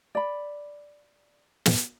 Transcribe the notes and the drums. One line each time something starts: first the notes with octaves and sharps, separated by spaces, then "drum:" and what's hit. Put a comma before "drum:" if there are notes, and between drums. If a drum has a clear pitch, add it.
D5 B5
drum: snare